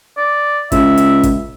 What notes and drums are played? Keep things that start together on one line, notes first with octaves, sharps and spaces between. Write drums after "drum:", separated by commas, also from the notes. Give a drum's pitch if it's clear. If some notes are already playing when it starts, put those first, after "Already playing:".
D5
C#2 E5, drum: kick, hi-hat
drum: hi-hat
drum: kick, hi-hat